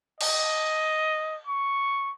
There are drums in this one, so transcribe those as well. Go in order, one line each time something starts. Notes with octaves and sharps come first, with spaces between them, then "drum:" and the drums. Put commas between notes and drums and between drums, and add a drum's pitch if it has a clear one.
D#5, drum: cymbal
C#6